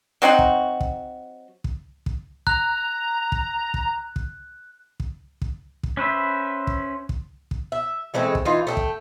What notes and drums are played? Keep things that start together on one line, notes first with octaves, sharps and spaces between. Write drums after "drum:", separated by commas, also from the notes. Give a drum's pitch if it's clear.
F#3 C4 D#4 F#4
drum: kick
drum: kick
drum: kick
drum: kick
A#5 F#6, drum: kick
drum: kick
drum: kick
drum: kick
drum: kick
drum: kick
drum: kick
C#4 B4 C5 E5
drum: kick
drum: kick
drum: kick
E5
E3 G#3 A3 C4
drum: kick
E3 D#4 F4
A3 D#5 G5
drum: kick